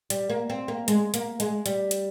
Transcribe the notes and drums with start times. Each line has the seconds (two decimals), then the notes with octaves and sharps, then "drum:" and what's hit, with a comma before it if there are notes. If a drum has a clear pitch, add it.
0.10 G3, drum: hi-hat
0.30 A#3
0.50 C4
0.68 A#3
0.88 G#3, drum: hi-hat
1.14 A#3, drum: hi-hat
1.40 G#3, drum: hi-hat
1.66 G3, drum: hi-hat
1.91 drum: hi-hat